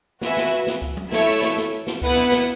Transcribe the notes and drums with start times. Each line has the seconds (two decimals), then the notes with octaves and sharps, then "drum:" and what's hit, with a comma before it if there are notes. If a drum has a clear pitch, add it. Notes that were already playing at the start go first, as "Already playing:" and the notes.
0.21 F#4 B4 E5 G#5, drum: snare
0.37 drum: snare
0.67 drum: snare
0.82 drum: kick C#2
0.97 drum: tom F#3
1.12 A3 E4 A4 C#5 E5, drum: snare
1.42 drum: snare
1.57 drum: snare
1.87 drum: snare
2.02 B3 E4 B4 F#5, drum: kick C#2
2.17 drum: tom A#2
2.32 drum: snare